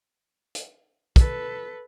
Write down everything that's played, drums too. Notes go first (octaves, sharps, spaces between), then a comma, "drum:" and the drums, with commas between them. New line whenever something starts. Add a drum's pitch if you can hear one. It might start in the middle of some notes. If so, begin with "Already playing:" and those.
drum: hi-hat
A4 B4, drum: kick, hi-hat